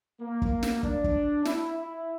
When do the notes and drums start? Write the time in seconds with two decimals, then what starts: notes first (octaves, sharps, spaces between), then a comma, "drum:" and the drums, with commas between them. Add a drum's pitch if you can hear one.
0.21 A#3
0.42 drum: kick
0.63 drum: snare
0.83 D4, drum: kick
1.04 drum: kick
1.45 E4, drum: snare
1.77 E4